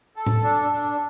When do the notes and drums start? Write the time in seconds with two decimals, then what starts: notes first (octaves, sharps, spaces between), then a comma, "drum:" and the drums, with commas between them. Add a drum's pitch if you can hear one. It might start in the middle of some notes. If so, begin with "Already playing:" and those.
0.16 A4
0.26 drum: tom A2
0.44 D4
0.72 D4